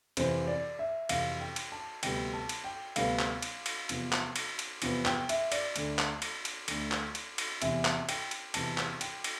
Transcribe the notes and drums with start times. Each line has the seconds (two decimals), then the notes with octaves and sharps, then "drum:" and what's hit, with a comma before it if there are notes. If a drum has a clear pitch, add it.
0.17 F2 C3 E3 C5, drum: cymbal
0.47 D5
0.79 E5
1.09 F2 C3 E3 F5, drum: cymbal
1.40 G5
1.56 drum: cymbal
1.72 A5
2.03 D2 C3 G3 B3 G5, drum: cymbal
2.34 A5
2.49 drum: cymbal
2.64 G5
2.96 D2 C3 G3 B3 F5, drum: cymbal
3.19 drum: clap
3.42 drum: cymbal
3.66 drum: cymbal
3.89 E2 C3 F3 B3, drum: cymbal
4.12 drum: clap
4.36 drum: cymbal
4.59 drum: cymbal
4.82 E2 C3 F3 B3, drum: cymbal
5.05 G5, drum: clap
5.29 E5, drum: cymbal
5.52 D5, drum: cymbal
5.76 D2 D3 A3, drum: cymbal
5.99 drum: clap
6.22 drum: cymbal
6.45 drum: cymbal
6.68 D2 D3 A3, drum: cymbal
6.92 drum: clap
7.15 drum: cymbal
7.38 drum: cymbal
7.62 E2 C3 E3 E5, drum: cymbal
7.85 drum: clap
8.09 G5, drum: cymbal
8.31 drum: cymbal
8.54 E2 C3 E3 A5, drum: cymbal
8.78 drum: clap
9.01 G5, drum: cymbal
9.24 drum: cymbal